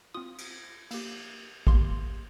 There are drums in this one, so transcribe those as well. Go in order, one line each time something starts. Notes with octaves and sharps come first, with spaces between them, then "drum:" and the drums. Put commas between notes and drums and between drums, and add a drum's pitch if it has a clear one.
C4 F4 D#6
drum: cymbal
A#3 G4, drum: cymbal
A#3 G4 C6, drum: kick A1